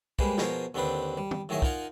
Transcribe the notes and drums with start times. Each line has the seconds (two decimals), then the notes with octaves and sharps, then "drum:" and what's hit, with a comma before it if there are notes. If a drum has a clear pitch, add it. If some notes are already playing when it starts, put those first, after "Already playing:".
0.19 G3 G#3 A#3 G#4 B4 C5, drum: kick
0.38 B2 F3 G#4 A#4 C5 C#5, drum: snare
0.74 D#2 D3 C4 D4 B4 C5
1.18 G3
1.31 drum: tom
1.49 A2 D#3 F#3 G#4 D#5 E5
1.62 D#4 F4 A#4 D#5 F#5 G#5, drum: kick